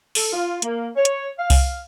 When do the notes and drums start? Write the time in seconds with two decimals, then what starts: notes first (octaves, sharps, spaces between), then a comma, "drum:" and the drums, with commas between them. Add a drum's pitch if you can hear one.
0.15 A4, drum: open hi-hat
0.32 F4
0.62 A#3, drum: hi-hat
0.96 C#5
1.05 drum: hi-hat
1.38 F5
1.50 drum: kick C2, open hi-hat